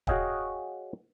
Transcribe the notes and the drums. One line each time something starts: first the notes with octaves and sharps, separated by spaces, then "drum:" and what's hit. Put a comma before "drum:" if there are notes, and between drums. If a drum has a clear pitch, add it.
F#4 G#4 C#5 D#5 F5 G5, drum: kick